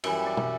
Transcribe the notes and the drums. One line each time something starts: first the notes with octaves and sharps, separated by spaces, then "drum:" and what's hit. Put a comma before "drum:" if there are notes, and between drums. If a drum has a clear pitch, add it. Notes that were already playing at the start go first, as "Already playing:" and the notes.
F#2 E3 G3 E5, drum: cymbal
D5
drum: tom